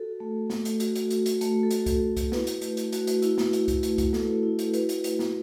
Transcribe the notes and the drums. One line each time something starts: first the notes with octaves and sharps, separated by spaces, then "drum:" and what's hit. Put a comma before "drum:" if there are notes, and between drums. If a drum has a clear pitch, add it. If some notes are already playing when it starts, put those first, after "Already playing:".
Already playing: F#4 A4
A3
A3, drum: snare
drum: hi-hat
F#4, drum: hi-hat
drum: hi-hat
F#4, drum: hi-hat
drum: hi-hat
A3, drum: hi-hat
A4
A3 F#4, drum: hi-hat
drum: kick C2, hi-hat
F#4
drum: kick C2, hi-hat
E4 B4, drum: snare
drum: hi-hat
A3, drum: hi-hat
drum: hi-hat
A3 F#4, drum: hi-hat
drum: hi-hat
E4, drum: hi-hat
drum: snare
E4, drum: hi-hat
drum: kick C2, hi-hat
A3, drum: hi-hat
drum: kick C2, hi-hat
A3 A4, drum: snare
E4
drum: hi-hat
F#4 B4, drum: hi-hat
drum: hi-hat
A3, drum: hi-hat
drum: snare